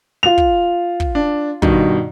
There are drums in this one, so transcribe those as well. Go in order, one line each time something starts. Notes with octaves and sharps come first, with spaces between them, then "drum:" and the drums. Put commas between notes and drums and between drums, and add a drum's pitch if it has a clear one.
F4 F7
drum: kick
drum: kick
D4
G2 B2 D#3, drum: kick